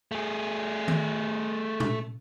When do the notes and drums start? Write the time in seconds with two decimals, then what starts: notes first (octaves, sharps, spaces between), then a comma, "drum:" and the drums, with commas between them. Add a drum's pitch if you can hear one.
0.12 A3 G#4
0.88 drum: tom D#3
1.80 drum: tom A#2